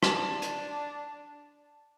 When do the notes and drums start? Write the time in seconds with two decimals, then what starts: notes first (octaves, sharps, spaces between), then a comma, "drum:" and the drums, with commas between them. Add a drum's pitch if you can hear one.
0.03 D4 A5, drum: rim click
0.42 drum: hi-hat